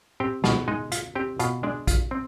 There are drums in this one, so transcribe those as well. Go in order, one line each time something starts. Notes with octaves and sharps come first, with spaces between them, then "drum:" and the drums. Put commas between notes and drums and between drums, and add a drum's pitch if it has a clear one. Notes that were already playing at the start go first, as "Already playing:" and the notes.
C4 G4 G5
B2 F4 F5, drum: snare
G#3 D#4 D#5
F4 F5, drum: hi-hat
C4 G4 G5
B2 F4 F5, drum: hi-hat
G#3 D4 D5
F4, drum: kick A#1, hi-hat
C4